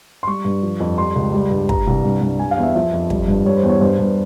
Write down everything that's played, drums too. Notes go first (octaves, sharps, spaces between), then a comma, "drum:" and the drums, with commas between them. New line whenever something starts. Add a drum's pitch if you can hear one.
C6
G3 C#6
G2
F3
F2
G3 C6
C#2
G3
G2
G3 A#5, drum: kick
C2
G2
G2
G3 G#5
F5
E2
E5
F3 E5
F2
G3, drum: kick
G2
G3 C#5
C5
E2
C#5
G2 C5
G2